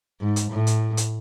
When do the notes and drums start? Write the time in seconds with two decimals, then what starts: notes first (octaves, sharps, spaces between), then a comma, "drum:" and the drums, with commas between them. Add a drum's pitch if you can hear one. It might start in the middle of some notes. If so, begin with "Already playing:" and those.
0.21 G#2
0.36 drum: hi-hat
0.51 A2
0.67 drum: hi-hat
0.97 drum: hi-hat